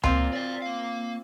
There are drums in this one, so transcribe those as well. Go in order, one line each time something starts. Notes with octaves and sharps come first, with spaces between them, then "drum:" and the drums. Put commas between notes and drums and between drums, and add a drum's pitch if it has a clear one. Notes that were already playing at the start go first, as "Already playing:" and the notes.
A#2 A#3 C4 F4, drum: tom C#2
D5 F5
A#3 F5